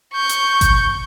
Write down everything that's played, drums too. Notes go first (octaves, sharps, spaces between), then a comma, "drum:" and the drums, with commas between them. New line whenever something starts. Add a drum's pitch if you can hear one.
C#6 G6
drum: hi-hat
drum: kick G#1, hi-hat